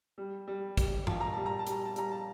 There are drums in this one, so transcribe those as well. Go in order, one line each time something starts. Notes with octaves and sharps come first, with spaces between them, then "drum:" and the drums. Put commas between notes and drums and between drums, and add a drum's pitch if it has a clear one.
G3
G3
G3, drum: kick, hi-hat
A#2 A5, drum: tom G2
A#5
G3 A5
A#5
A5
G3, drum: hi-hat
A#5
A5
G3 A#5, drum: hi-hat
A5